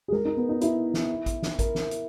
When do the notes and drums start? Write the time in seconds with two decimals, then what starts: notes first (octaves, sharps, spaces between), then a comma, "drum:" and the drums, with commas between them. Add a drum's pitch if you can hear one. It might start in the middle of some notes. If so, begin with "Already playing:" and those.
0.08 G#4
0.12 A#4, drum: tom G#3
0.25 D#4
0.37 B3
0.49 D#4
0.61 E4, drum: hi-hat
0.94 drum: snare
1.26 drum: kick A1, hi-hat
1.42 drum: snare
1.59 A#4, drum: kick A1, hi-hat
1.75 drum: snare
1.91 drum: hi-hat